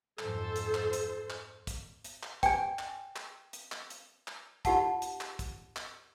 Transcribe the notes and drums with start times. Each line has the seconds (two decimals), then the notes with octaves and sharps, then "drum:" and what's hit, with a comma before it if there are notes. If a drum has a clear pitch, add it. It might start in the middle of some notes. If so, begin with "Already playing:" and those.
0.19 F2 G#2 A4 C5, drum: clap
0.56 drum: hi-hat
0.74 drum: clap
0.93 drum: hi-hat
1.30 drum: clap
1.67 drum: kick, hi-hat
2.04 drum: hi-hat
2.23 drum: clap
2.43 G5 G#5, drum: kick, hi-hat
2.79 drum: clap
3.16 drum: clap
3.53 drum: hi-hat
3.72 drum: clap
3.90 drum: hi-hat
4.28 drum: clap
4.65 D#4 F4 G4 F#5 A5, drum: kick, hi-hat
5.02 drum: hi-hat
5.21 drum: clap
5.39 drum: kick, hi-hat
5.76 drum: clap